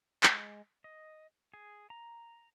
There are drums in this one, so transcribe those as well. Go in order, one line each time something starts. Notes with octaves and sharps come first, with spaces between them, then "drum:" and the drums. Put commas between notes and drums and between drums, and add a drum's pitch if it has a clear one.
G#3, drum: clap
D#5
G#4
A#5